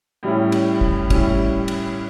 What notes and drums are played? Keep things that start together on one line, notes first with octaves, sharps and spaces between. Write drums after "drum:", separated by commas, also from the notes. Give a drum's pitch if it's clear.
A2 G3 C#4 E4
drum: cymbal
drum: kick
A2 G3 C#4 E4, drum: kick, cymbal
drum: cymbal